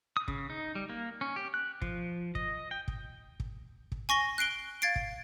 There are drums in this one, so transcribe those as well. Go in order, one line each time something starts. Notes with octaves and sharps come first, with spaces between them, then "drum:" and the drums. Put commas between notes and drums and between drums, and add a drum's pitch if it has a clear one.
D#6
C#3, drum: kick
D#4
G3
A#3
C#4
G4
F#6
F3, drum: kick
D#5, drum: kick
G5
drum: kick
drum: kick
drum: kick
G#5 C#6 A#6 G7
F#6 C7 D7 G7
F5 G#6 A6 C7 D7
drum: kick